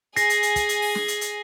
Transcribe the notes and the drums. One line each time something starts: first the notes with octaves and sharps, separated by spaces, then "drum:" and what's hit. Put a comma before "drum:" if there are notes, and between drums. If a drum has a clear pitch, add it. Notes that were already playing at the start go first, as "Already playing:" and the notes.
G#4 G#5 A#6 C7, drum: hi-hat
drum: hi-hat
drum: hi-hat
drum: kick, hi-hat
drum: hi-hat
drum: open hi-hat
drum: snare
drum: hi-hat
drum: hi-hat